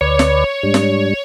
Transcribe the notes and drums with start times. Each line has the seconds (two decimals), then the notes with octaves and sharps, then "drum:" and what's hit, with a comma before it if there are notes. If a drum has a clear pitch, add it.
0.01 D2 B4 C#5 D5
0.19 drum: snare
0.63 G#2 G3 D4
0.74 drum: snare